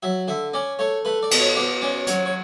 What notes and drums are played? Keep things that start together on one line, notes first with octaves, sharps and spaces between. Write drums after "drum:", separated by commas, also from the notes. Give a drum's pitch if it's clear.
F#3 E5
D3 E5
C#4 D5
A3 C#5
A3 B4
D5
B2, drum: cymbal
C#5
B2 D5
C#4 D5
F#3 C#5, drum: hi-hat
C#5